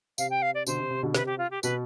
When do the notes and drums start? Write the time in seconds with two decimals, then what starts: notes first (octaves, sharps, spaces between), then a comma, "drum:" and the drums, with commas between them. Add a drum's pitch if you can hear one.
0.18 C3 F5, drum: tambourine
0.30 G5
0.42 F5
0.54 D5
0.67 B2 D3 C5, drum: tambourine
0.79 C3
0.90 C3
1.03 B2 D3
1.15 C3 B4, drum: snare
1.26 G4
1.38 F4
1.51 G4
1.63 B2 B4, drum: tambourine